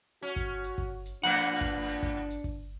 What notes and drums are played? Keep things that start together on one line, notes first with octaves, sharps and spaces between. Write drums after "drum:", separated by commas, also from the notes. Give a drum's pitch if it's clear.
C#4 F#4, drum: hi-hat
drum: kick G1, hi-hat
drum: hi-hat
drum: kick G1, open hi-hat
drum: hi-hat
A2 F3 B3 D4 F#5
drum: hi-hat
drum: kick G1, open hi-hat
drum: hi-hat
drum: kick G1, hi-hat
drum: hi-hat
drum: kick G1, open hi-hat